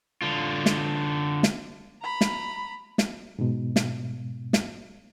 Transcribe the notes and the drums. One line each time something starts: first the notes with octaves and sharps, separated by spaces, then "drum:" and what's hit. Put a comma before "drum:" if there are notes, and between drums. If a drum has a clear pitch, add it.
D3 F4
drum: snare
drum: snare
A#5 B5
drum: snare
drum: snare
G#2 B2
drum: snare
drum: snare